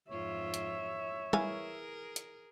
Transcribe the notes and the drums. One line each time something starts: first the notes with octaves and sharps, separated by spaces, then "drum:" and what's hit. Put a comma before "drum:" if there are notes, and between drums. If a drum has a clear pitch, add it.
F2 G#2 F4 C#5 E5
drum: hi-hat
E3 G#4 A#4 F5 G#5, drum: tom
drum: hi-hat